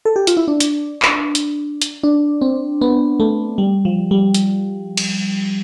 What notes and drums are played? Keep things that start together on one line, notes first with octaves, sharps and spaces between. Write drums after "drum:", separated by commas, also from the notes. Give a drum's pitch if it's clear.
A4
G4
F4, drum: hi-hat
E4
D4
drum: hi-hat
drum: clap
drum: hi-hat
drum: hi-hat
D4
C4
B3
A3
G3
F3
G3
drum: hi-hat
drum: cymbal